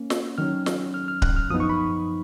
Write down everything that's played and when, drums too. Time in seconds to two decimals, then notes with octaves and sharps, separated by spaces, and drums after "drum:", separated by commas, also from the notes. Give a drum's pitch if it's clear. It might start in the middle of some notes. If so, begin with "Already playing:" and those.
Already playing: A#3 C#4
0.10 drum: snare
0.38 D#3 F#3 C#4 F6
0.66 drum: snare
0.94 F6
1.08 F6
1.22 F#6, drum: kick D1
1.36 F6
1.50 F#2 F3 B3 D#4 D#6
1.60 C#6
1.69 B5